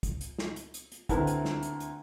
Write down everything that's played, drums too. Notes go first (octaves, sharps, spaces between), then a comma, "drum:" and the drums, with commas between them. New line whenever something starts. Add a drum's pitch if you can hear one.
drum: kick, hi-hat
drum: hi-hat
drum: snare
drum: hi-hat
drum: hi-hat
drum: hi-hat
D2 C4 E4 A#4 B4 A5, drum: kick, hi-hat
drum: hi-hat
drum: snare
drum: hi-hat
drum: hi-hat